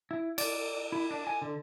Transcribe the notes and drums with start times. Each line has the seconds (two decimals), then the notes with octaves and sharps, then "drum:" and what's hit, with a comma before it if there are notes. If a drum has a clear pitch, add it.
0.11 E4
0.38 D5, drum: cymbal
0.92 E4
1.11 D4
1.27 G#5
1.42 D3